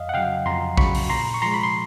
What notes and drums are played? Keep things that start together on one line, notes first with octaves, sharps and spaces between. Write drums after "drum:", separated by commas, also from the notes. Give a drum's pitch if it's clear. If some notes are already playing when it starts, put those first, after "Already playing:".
Already playing: F2 D#5 F5
F#5
C#3 F#3 F5 G5
F2 A#5 C6
C#3 F#3 B5 C#6, drum: kick A#1
drum: open hi-hat
A#2 A#5 C6
C#6
F3 G#3 A#5 C6
B5
C6